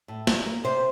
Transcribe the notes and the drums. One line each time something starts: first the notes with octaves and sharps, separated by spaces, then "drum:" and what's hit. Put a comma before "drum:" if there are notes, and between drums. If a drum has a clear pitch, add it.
A2
F#3, drum: snare
A#3
C3 C5